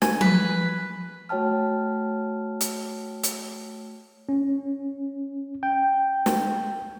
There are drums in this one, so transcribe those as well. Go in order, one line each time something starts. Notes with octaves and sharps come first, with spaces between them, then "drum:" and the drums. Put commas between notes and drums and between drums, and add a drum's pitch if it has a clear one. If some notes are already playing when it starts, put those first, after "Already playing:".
G#5, drum: snare
B4, drum: tom F3
A3 F#4 C#5 G5 A5 F6
drum: hi-hat
drum: hi-hat
C#4
G5
drum: snare